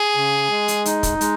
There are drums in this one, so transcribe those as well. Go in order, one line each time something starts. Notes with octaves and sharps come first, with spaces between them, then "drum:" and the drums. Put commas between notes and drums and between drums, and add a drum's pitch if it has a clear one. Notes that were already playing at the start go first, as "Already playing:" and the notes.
Already playing: G#4
C#3
G#3
drum: hi-hat
D#4, drum: hi-hat
drum: kick, hi-hat
G#3, drum: hi-hat